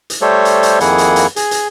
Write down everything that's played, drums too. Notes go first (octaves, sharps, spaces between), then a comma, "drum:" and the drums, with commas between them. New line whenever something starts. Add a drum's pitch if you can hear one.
drum: hi-hat
G3 A3 G4 A4 C5 C#5
drum: hi-hat
drum: hi-hat
F2 D#3 A#3 E4 G#4 F#5, drum: hi-hat
drum: hi-hat
drum: hi-hat
G#4, drum: hi-hat
drum: hi-hat